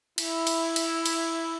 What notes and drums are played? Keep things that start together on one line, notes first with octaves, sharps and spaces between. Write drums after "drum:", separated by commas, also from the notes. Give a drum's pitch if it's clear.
E4, drum: cymbal
drum: cymbal
drum: cymbal
drum: cymbal